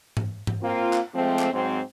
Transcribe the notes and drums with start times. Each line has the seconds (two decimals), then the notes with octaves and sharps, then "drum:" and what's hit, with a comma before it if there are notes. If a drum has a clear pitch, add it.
0.17 drum: tom G#2
0.47 drum: tom G#2
0.63 A#3 C4 F4
0.93 drum: clap
1.15 F3 G#3 A3 C4
1.39 drum: clap
1.53 G#2 F#3 C4